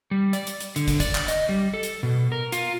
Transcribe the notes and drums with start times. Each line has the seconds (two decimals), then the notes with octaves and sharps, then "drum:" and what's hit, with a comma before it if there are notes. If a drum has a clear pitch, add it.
0.11 G3
0.33 D5, drum: hi-hat
0.47 drum: hi-hat
0.60 drum: hi-hat
0.76 D3, drum: hi-hat
0.88 drum: kick, hi-hat
1.00 D5, drum: kick, hi-hat
1.15 drum: clap
1.28 D#5, drum: hi-hat
1.49 G3
1.74 A4
1.83 drum: hi-hat
2.03 B2
2.32 A#4
2.52 F4, drum: hi-hat